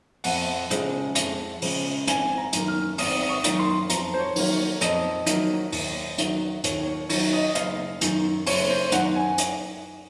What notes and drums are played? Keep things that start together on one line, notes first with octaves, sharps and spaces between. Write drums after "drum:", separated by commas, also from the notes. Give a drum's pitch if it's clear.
F2 F#5, drum: open hi-hat
C#3 F3 G#3, drum: hi-hat
F2, drum: hi-hat
C#3 F3 G#3, drum: open hi-hat
G#1 G#5, drum: hi-hat
A#5
F#2 D#3 A#3, drum: hi-hat
F6
G#1 D#6, drum: open hi-hat
D#6
C#6
F#2 D#3 A#3, drum: hi-hat
C6
F2 A#5, drum: hi-hat
C5
C#5
D#3 F#3 A#3, drum: open hi-hat
C#5
F2 D#5, drum: hi-hat
D#3 F#3 A#3, drum: hi-hat
D#2, drum: open hi-hat
D#3 F#3, drum: hi-hat
D#2 C#5, drum: hi-hat
C#5
D#3 F#3 C#5, drum: open hi-hat
D#5
F#1 F5, drum: hi-hat
F#2 D#3, drum: hi-hat
F#1 C#5, drum: open hi-hat
C5
F#2 D#3 F#5, drum: hi-hat
G#5
drum: hi-hat